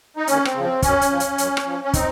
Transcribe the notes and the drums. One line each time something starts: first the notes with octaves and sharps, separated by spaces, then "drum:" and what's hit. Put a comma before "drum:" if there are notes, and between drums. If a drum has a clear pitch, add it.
D#4
D#2 C#4, drum: hi-hat
C4, drum: rim click
C#3 F3
C4
F#2 C#4, drum: kick, hi-hat
drum: hi-hat
F3
drum: hi-hat
F#2, drum: hi-hat
drum: rim click
F3
C#4
C4 D#4, drum: kick, hi-hat